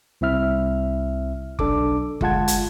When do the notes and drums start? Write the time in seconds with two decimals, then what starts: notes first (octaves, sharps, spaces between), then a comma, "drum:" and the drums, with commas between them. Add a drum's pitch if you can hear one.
0.21 C2 C4 E4 E5 F6
1.59 B1 D4 A4 D6, drum: kick F#1
2.21 G1 G#3 F4 F#5 A5 G#6, drum: kick F#1
2.48 drum: hi-hat